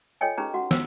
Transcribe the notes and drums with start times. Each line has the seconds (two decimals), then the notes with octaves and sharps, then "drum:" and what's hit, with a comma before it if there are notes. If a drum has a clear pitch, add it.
0.21 F4 A4 C#5 D#5 G5 G#5
0.38 C#4 D#4 G4 G#4 B4 A#5
0.54 F#4 F#5
0.71 C5 E6, drum: snare